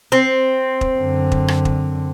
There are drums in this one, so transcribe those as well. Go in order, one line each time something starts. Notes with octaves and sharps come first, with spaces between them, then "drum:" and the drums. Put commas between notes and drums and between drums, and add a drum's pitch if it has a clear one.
C4
drum: kick
F#2 D3
drum: kick
drum: rim click
drum: kick